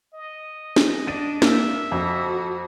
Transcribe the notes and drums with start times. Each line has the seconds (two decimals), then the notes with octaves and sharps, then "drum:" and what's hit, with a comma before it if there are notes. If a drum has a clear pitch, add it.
0.14 D#5
0.76 drum: snare
1.07 D4 A6 D#7
1.42 A#3 E5, drum: snare
1.91 F2 F#4